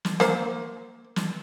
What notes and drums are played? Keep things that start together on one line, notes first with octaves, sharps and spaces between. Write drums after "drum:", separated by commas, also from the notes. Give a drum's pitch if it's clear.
drum: snare
A#3 C5, drum: snare
drum: snare